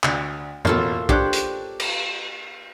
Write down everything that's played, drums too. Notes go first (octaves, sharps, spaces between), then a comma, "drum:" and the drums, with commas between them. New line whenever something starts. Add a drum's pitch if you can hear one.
D2, drum: clap
A1 B2 A#3 F4 A4, drum: tom F2
D4 G4 C5 C#5 F#6, drum: kick
drum: hi-hat
drum: cymbal